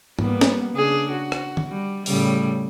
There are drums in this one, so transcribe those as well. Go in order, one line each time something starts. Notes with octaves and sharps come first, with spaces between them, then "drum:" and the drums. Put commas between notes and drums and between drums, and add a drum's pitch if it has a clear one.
G3 A#3 B3, drum: tom G#2
drum: snare
C#3 D4 G#4
F#4
drum: rim click
drum: tom D3
G3
A2 C#3 G3, drum: open hi-hat